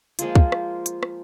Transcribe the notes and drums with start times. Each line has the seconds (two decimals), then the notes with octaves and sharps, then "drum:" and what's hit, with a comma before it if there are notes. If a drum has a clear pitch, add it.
0.19 F3 G#3 A#3 F4, drum: hi-hat
0.35 drum: kick
0.52 drum: rim click
0.86 drum: hi-hat
1.03 drum: rim click